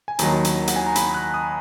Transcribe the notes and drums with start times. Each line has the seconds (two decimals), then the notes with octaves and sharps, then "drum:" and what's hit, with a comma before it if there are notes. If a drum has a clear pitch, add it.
0.08 G#5
0.19 D#2 D#3 F#3 A#5, drum: hi-hat
0.45 drum: hi-hat
0.68 F#5, drum: hi-hat
0.76 G#5
0.87 A#5
0.96 B5, drum: hi-hat
1.14 F#6
1.34 D#6